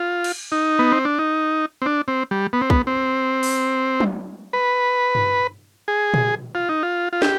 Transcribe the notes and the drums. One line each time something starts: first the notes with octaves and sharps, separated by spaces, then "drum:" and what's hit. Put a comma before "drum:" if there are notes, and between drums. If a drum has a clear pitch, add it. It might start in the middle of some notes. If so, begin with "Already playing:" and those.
Already playing: F4
drum: cymbal
D#4
B3
C4
D4
D#4
C4
D4
C4
G3
B3
C4
B3, drum: kick
C4
drum: open hi-hat
drum: tom F#3
B4
drum: tom G2
G#4
drum: tom A#2
F4
D#4
F4
F4
G4, drum: snare